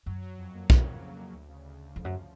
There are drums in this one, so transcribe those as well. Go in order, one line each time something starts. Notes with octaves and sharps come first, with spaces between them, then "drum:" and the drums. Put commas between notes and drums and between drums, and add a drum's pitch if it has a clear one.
F#2 F#3
F#3
F2
A#3
C#3, drum: kick
F2
F2
A#3
D2
C#3
D2
D2
F2 F3
F#2
F3